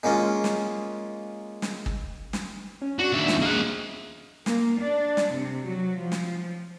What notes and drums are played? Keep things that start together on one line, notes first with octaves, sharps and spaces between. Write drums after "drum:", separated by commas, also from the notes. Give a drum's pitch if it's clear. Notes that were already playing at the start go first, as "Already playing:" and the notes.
G#3 A#3 C#4 F4
drum: snare
drum: snare
drum: kick
drum: snare
C#4
D4 F#4
D#2 E5
F3, drum: snare
G#3 A#3 F#5
A#3, drum: snare
D4
drum: snare
C3
F#3
F3
drum: snare